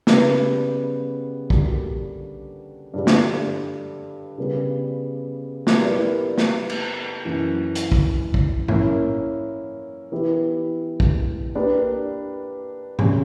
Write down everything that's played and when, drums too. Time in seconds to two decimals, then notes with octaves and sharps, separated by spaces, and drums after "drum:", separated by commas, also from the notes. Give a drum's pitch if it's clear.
0.07 C#3 G3 B3, drum: snare
1.50 D3 G3 A#3 D4 F#4, drum: kick
2.94 G2 D3 G3
3.07 drum: snare
4.38 C#3 G3 B3
5.67 drum: snare
5.81 G3 B3 E4 A#4 D5
6.38 drum: snare
6.69 drum: cymbal
7.24 F#2 E3 A#3
7.75 drum: hi-hat
7.92 drum: kick
8.34 drum: kick
8.68 A#3 C#4 E4, drum: tom G#2
10.12 E3 B3 E4 G4 B4
11.00 drum: kick
11.55 A#3 D4 G4 B4 D5
12.99 C#3 G3 C#4 G4, drum: tom G#2